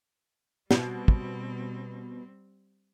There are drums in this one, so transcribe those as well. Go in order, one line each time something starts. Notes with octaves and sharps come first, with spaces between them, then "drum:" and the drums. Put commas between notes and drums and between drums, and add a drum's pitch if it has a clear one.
B2 G3 C4, drum: snare
drum: kick